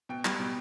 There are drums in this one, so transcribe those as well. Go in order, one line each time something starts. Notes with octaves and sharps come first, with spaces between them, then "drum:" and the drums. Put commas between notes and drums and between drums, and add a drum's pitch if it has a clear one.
B2 G5
G3, drum: clap
B2